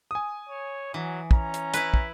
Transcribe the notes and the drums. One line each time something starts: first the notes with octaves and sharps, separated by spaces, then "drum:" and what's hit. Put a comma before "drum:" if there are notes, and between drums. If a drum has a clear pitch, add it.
G#5 D#6
C#5
E3 F#3
C#4 A#5, drum: kick
drum: hi-hat
E4 B4, drum: hi-hat
drum: kick